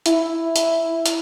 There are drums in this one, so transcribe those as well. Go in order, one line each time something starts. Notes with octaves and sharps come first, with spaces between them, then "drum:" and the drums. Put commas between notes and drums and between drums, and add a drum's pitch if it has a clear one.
E4, drum: hi-hat
drum: hi-hat
drum: hi-hat